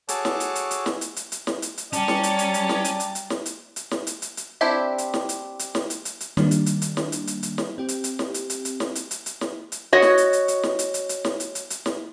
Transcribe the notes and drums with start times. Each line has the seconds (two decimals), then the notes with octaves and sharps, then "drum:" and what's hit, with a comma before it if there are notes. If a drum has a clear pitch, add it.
0.09 F#4 G#4 A4 C#5 A5 D6, drum: hi-hat
0.25 drum: snare
0.40 drum: hi-hat
0.55 drum: hi-hat
0.71 drum: hi-hat
0.86 drum: snare
1.01 drum: hi-hat
1.16 drum: hi-hat
1.32 drum: hi-hat
1.47 drum: snare
1.62 drum: hi-hat
1.78 drum: hi-hat
1.93 G3 C#4 D5 G5 A5 A#5 A6, drum: hi-hat
2.08 drum: snare
2.23 drum: hi-hat
2.39 drum: hi-hat
2.54 drum: hi-hat
2.69 drum: snare
2.84 drum: hi-hat
3.00 drum: hi-hat
3.15 drum: hi-hat
3.30 drum: snare
3.46 drum: hi-hat
3.76 drum: hi-hat
3.91 drum: snare
4.07 drum: hi-hat
4.22 drum: hi-hat
4.37 drum: hi-hat
4.61 C4 D4 E4 G4 D5
4.98 drum: hi-hat
5.14 drum: snare
5.29 drum: hi-hat
5.59 drum: hi-hat
5.75 drum: snare
5.90 drum: hi-hat
6.05 drum: hi-hat
6.20 drum: hi-hat
6.37 D#3 G3 A#3 D4, drum: snare
6.51 drum: hi-hat
6.66 drum: hi-hat
6.82 drum: hi-hat
6.97 drum: snare
7.12 drum: hi-hat
7.27 drum: hi-hat
7.43 drum: hi-hat
7.58 drum: snare
7.78 C4 G4
7.89 drum: hi-hat
8.04 drum: hi-hat
8.19 drum: snare
8.34 drum: hi-hat
8.50 drum: hi-hat
8.65 drum: hi-hat
8.80 drum: snare
8.95 drum: hi-hat
9.11 drum: hi-hat
9.26 drum: hi-hat
9.41 drum: snare
9.72 drum: hi-hat
9.93 F#4 C#5 D#5
10.02 drum: snare
10.18 drum: hi-hat
10.33 drum: hi-hat
10.48 drum: hi-hat
10.63 drum: snare
10.79 drum: hi-hat
10.94 drum: hi-hat
11.09 drum: hi-hat
11.25 drum: snare
11.40 drum: hi-hat
11.55 drum: hi-hat
11.70 drum: hi-hat
11.86 drum: snare